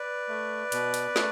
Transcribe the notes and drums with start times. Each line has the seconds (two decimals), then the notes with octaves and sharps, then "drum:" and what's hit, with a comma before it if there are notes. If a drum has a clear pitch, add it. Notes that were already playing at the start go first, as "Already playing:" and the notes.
Already playing: B4 D5
0.28 A3
0.72 B2, drum: hi-hat
0.94 drum: hi-hat
1.16 A3, drum: snare